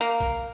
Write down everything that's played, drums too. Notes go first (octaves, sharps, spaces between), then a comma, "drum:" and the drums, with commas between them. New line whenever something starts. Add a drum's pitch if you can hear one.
A#3
drum: kick, hi-hat